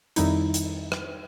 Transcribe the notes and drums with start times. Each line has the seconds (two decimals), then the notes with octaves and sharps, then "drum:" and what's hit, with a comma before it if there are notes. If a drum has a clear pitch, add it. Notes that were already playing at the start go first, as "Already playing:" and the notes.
0.16 F2 D#3 G3 D#4 E4, drum: hi-hat
0.54 drum: hi-hat
0.92 drum: rim click